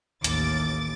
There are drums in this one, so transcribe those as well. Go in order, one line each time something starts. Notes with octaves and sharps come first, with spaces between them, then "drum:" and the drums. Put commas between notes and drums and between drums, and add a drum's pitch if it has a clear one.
A1 D#2 D6 A6, drum: hi-hat